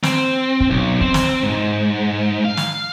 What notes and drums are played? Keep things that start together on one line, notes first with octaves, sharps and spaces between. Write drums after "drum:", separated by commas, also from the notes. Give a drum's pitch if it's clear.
C4, drum: snare
drum: kick
B1
C4, drum: kick
drum: snare
G#2
F5
drum: snare